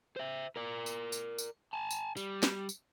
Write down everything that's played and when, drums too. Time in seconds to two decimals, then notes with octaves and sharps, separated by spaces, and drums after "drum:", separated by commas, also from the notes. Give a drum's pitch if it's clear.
0.16 C5 E5
0.56 A#4 D5
0.86 drum: tambourine
1.12 drum: tambourine
1.38 drum: tambourine
1.73 G#5 A5
1.91 drum: tambourine
2.17 G3, drum: tambourine
2.43 drum: snare
2.69 drum: tambourine